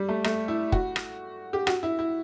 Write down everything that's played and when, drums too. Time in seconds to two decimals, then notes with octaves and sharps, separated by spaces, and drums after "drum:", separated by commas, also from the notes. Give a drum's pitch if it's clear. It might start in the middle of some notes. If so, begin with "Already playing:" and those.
Already playing: G3
0.09 A3
0.24 A3, drum: rim click
0.48 E4
0.72 F#4, drum: kick
0.96 drum: rim click
1.53 G4
1.67 F#4, drum: rim click
1.83 E4
1.99 E4